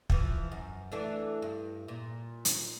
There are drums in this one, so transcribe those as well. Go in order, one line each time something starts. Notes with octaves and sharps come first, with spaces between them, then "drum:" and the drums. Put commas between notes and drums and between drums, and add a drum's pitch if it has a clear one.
E3 F3, drum: kick
F#2
E3 A3 D4
G2
A#2
drum: hi-hat